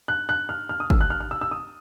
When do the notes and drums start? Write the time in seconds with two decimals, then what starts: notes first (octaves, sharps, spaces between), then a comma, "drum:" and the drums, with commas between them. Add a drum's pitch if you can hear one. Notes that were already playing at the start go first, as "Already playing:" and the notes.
0.08 F#6
0.29 F#6
0.49 F6
0.69 F6
0.80 D#6
0.90 E6, drum: kick
1.01 F#6
1.10 F6
1.20 F6
1.31 E6
1.41 E6
1.51 D#6